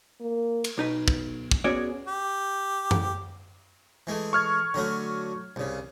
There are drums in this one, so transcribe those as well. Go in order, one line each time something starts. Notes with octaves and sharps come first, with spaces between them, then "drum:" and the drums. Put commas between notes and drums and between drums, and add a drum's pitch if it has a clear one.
A#3
drum: cymbal
B1 D#4 B4
drum: kick
drum: kick
B3 C#4 F#4 G#4 C#5 D5
G4
drum: tom F#2
E3 G#3 A3
C#6 F6 G#6
D3 F#3 A3
C2 C#3